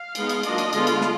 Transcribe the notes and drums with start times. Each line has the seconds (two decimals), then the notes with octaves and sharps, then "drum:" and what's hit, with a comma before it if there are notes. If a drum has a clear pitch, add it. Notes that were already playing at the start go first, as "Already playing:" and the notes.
Already playing: F5
0.15 G#3 B3 D#4, drum: cymbal
0.29 drum: cymbal
0.43 F#3 A#3 D4 F4 D#5, drum: cymbal
0.58 drum: cymbal
0.73 D3 G#3 B3 F4, drum: cymbal
0.87 drum: cymbal
1.01 drum: snare